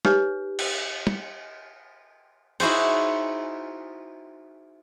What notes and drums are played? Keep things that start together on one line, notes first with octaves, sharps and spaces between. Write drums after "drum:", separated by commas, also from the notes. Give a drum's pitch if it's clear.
D#4 G4 B4 C#5, drum: snare
drum: cymbal
drum: tom
D#4 E4 F#4 G#4 C5, drum: cymbal